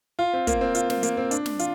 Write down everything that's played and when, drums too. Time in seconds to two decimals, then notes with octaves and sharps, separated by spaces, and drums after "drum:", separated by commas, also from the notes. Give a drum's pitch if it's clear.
0.19 F4
0.33 C4
0.47 A#3, drum: kick, hi-hat
0.61 C4
0.75 F4, drum: hi-hat
0.90 C4, drum: snare
1.03 A#3, drum: hi-hat
1.17 C4
1.31 D4, drum: hi-hat
1.46 drum: snare
1.59 F4, drum: hi-hat